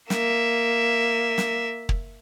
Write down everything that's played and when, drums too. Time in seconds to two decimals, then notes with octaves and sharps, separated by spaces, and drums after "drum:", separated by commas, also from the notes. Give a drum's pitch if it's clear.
0.10 A#3 E5, drum: snare
1.38 drum: snare
1.89 drum: kick